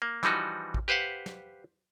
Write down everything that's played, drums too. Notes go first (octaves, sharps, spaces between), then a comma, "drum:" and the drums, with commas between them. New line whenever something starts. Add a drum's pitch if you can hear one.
A#3
E3 F3 G3 D#4 F#4, drum: snare
drum: kick A1
G4 B4 C5 F5 F#5
drum: snare